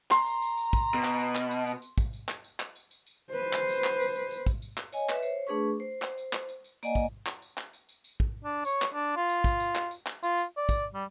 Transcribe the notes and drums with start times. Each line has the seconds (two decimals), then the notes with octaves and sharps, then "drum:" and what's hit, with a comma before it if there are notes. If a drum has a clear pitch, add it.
0.11 A#5 C6, drum: clap
0.26 drum: tambourine
0.42 drum: tambourine
0.58 drum: tambourine
0.73 drum: kick, tambourine
0.94 B2
1.04 drum: clap
1.20 drum: tambourine
1.35 drum: clap
1.51 drum: tambourine
1.66 drum: tambourine
1.82 drum: tambourine
1.98 drum: kick, tambourine
2.13 drum: tambourine
2.29 drum: clap
2.44 drum: tambourine
2.60 drum: clap
2.75 drum: tambourine
2.91 drum: tambourine
3.06 drum: tambourine
3.30 B4 C5
3.53 drum: clap
3.69 drum: tambourine
3.84 drum: clap
4.00 drum: tambourine
4.15 drum: tambourine
4.31 drum: tambourine
4.47 drum: kick, tambourine
4.62 drum: tambourine
4.78 drum: clap
4.93 C#5 D#5 G#5, drum: tambourine
5.09 B4 E5, drum: clap
5.23 C5 C#5, drum: tambourine
5.47 A3 D4 G#4 B4 C#6
5.80 C5
6.02 drum: clap
6.18 drum: tambourine
6.33 drum: clap
6.49 drum: tambourine
6.64 drum: tambourine
6.83 A#3 D5 D#5 F#5 G#5, drum: tambourine
6.95 drum: kick, tambourine
7.27 drum: clap
7.42 drum: tambourine
7.58 drum: clap
7.73 drum: tambourine
7.89 drum: tambourine
8.04 drum: tambourine
8.20 drum: kick
8.44 D4
8.65 C#5, drum: tambourine
8.82 drum: clap
8.94 D4
9.16 F4
9.29 drum: tambourine
9.44 drum: kick, tambourine
9.60 drum: tambourine
9.75 drum: clap
9.91 drum: tambourine
10.07 drum: clap
10.23 F4, drum: tambourine
10.38 drum: tambourine
10.57 D5
10.69 drum: kick, tambourine
10.94 G3